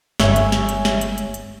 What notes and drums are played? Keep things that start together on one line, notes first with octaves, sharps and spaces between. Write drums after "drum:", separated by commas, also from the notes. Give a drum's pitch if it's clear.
G1 C#5 E5 G#5, drum: snare
drum: hi-hat
drum: snare
drum: hi-hat
drum: snare
drum: hi-hat
drum: hi-hat
drum: hi-hat